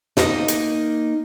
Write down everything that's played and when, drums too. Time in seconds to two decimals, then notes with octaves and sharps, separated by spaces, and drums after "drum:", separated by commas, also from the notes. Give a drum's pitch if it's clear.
0.17 A#3 D#4 D#5, drum: snare
0.48 drum: hi-hat